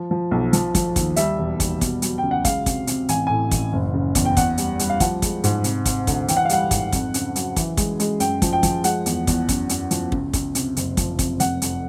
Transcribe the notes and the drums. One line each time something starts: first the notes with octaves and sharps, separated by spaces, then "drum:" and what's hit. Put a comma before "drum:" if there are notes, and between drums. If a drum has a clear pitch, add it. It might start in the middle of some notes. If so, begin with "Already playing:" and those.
Already playing: F3
F3
B1
F3, drum: hi-hat
F3, drum: kick, hi-hat
D#2, drum: kick, hi-hat
G3 E5, drum: hi-hat
E1
G3, drum: kick, hi-hat
B2, drum: kick, hi-hat
F#3, drum: hi-hat
C#2 G5
F#5
G#3 F5, drum: kick, hi-hat
C3, drum: kick, hi-hat
C3, drum: hi-hat
A1 G#5, drum: hi-hat
A2 G#5
A1, drum: kick, hi-hat
F#1
C#3
E2, drum: kick, hi-hat
G5
E2 F#5, drum: kick, hi-hat
G3, drum: hi-hat
G3, drum: hi-hat
F5
F3 F#5, drum: kick, hi-hat
G#3, drum: kick, hi-hat
G#2, drum: hi-hat
C3, drum: hi-hat
C3, drum: kick, hi-hat
D2, drum: kick, hi-hat
E3 G5, drum: hi-hat
F#5
F5
G3 F#5, drum: hi-hat
G#2, drum: kick, hi-hat
F2, drum: kick, hi-hat
C#3, drum: hi-hat
F#3, drum: hi-hat
E3, drum: kick, hi-hat
G#3, drum: kick, hi-hat
G#3, drum: hi-hat
F#2 G5, drum: hi-hat
F3, drum: kick, hi-hat
G5
F3, drum: kick, hi-hat
G#3 F#5, drum: hi-hat
E2, drum: hi-hat
E2, drum: kick, hi-hat
F#2, drum: kick, hi-hat
F#2, drum: hi-hat
F3, drum: hi-hat
C#2, drum: kick
C#2, drum: kick, hi-hat
C3, drum: hi-hat
F#1, drum: hi-hat
F3, drum: kick, hi-hat
C3, drum: kick, hi-hat
F1 F#5, drum: hi-hat
F2, drum: hi-hat